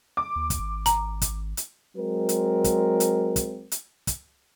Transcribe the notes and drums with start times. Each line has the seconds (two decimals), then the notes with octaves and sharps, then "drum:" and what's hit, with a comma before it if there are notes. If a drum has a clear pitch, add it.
0.17 D6
0.36 D#2
0.50 drum: kick, hi-hat
0.59 G#1
0.86 A#5, drum: hi-hat
1.22 drum: kick, hi-hat
1.57 drum: hi-hat
1.97 F#3 G#3 C4 A#4
2.29 drum: hi-hat
2.64 drum: kick, hi-hat
3.00 drum: hi-hat
3.36 drum: kick, hi-hat
3.72 drum: hi-hat
4.07 drum: kick, hi-hat